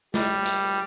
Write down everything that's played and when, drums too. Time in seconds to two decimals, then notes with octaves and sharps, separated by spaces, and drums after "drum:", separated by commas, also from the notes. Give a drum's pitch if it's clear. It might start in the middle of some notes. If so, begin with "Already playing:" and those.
0.14 G3, drum: snare
0.46 drum: hi-hat